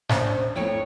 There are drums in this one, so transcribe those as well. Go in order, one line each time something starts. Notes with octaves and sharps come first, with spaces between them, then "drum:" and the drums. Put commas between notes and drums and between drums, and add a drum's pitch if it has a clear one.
A#1 E2 C#4 D4 C5, drum: snare G#2
F2 A2 C#5 G5